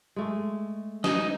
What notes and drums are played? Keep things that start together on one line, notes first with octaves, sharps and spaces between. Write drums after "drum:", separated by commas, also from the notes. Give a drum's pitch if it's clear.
G#3 A3
D#4 D#5, drum: snare